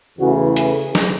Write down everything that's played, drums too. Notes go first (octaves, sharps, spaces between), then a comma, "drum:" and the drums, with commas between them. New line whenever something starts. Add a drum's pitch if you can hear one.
E2 C#3 E3 A3 F#4
G#4, drum: hi-hat
drum: snare